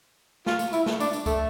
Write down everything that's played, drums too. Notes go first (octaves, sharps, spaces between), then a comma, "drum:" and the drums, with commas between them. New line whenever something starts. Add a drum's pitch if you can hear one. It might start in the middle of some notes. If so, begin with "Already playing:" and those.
F4, drum: snare
drum: tambourine
E4, drum: tambourine
drum: snare
D4, drum: tambourine
drum: tambourine
A3, drum: kick C#2, tambourine